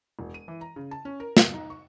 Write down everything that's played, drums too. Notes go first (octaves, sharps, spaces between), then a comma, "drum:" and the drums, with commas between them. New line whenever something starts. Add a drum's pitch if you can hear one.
E1
D#7
E3
A#5
C#3
A5
C#4
A#4
B2, drum: snare
D#4
C#6